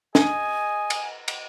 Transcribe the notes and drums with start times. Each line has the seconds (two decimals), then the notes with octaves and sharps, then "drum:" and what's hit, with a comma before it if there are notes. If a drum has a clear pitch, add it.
0.15 G#4 D#5 G#5, drum: snare
0.90 drum: cymbal
1.28 drum: cymbal